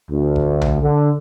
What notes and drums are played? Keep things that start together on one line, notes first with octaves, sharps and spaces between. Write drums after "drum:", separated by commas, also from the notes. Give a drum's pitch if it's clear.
D2
drum: kick F1
drum: tom B1
D3